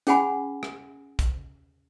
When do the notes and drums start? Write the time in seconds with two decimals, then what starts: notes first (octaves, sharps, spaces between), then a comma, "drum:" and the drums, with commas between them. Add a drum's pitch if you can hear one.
0.07 C#4 G#4 F#5 G#5 B5, drum: hi-hat
0.63 drum: rim click
1.19 drum: kick, hi-hat